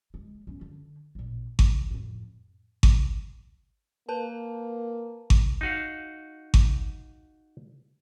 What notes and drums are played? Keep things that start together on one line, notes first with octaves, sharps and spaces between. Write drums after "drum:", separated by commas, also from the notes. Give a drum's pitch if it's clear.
G#3
B3 C#4
D3
A1 A#2
D3 D#3, drum: kick G#1
F2 A2
drum: kick G#1
A#3 A#4 B4 A5
drum: kick G#1
D#4 F#4 F5
drum: kick G#1